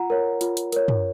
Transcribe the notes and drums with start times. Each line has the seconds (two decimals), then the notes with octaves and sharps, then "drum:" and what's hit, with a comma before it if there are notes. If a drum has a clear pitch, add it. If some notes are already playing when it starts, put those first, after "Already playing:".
Already playing: F4 F#5 A#5
0.10 A#4 C#5
0.41 F4, drum: hi-hat
0.57 drum: hi-hat
0.72 A#4 C#5, drum: hi-hat
0.88 drum: tom